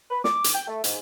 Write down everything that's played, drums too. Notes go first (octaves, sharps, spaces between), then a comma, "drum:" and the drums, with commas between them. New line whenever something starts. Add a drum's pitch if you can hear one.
B4
D6, drum: snare
drum: hi-hat
G5
A3
G#2, drum: hi-hat